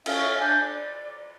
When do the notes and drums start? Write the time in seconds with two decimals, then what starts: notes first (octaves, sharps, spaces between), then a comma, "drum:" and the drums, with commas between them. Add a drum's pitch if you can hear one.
0.06 C#4 E5 F5 F6, drum: cymbal
0.39 D4 G#5 G6
0.60 D5